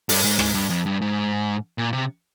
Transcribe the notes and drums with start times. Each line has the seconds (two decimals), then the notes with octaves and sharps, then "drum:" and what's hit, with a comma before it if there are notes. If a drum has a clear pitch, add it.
0.09 G2, drum: open hi-hat
0.25 G#2
0.39 G#2, drum: rim click
0.54 G2
0.70 F2
0.86 G2
1.02 G#2
1.78 A#2
1.93 C3